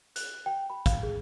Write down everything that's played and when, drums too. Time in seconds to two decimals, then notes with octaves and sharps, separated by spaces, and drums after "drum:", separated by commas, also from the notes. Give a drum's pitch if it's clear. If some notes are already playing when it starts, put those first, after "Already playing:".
0.16 F#6, drum: hi-hat
0.46 G5
0.70 B5
0.86 F5, drum: kick, hi-hat
1.03 G#4